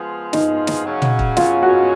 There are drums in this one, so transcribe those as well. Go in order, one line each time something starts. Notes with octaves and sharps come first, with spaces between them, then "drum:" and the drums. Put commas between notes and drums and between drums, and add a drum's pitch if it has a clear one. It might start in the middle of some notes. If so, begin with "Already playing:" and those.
Already playing: F3 G#3 B3 F4 G#4
D#4, drum: snare
drum: snare
C#3 F#3 C#4
drum: tom
drum: kick
F4, drum: snare
F#4